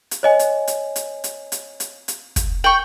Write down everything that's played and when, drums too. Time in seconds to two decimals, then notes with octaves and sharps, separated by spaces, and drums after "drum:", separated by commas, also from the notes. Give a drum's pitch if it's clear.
0.11 drum: hi-hat
0.23 C#5 D#5 G#5
0.39 drum: hi-hat
0.67 drum: hi-hat
0.96 drum: hi-hat
1.24 drum: hi-hat
1.52 drum: hi-hat
1.80 drum: hi-hat
2.08 drum: hi-hat
2.36 drum: kick, hi-hat
2.64 G5 C#6 F#7